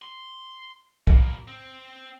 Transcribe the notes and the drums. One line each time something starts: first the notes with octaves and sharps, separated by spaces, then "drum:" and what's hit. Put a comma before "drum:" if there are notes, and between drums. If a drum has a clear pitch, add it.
C6
B2 A#3, drum: kick
C4